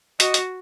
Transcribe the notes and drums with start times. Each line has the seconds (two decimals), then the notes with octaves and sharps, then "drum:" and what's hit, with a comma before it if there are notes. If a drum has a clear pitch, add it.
0.20 F#4 D#5, drum: hi-hat
0.34 drum: hi-hat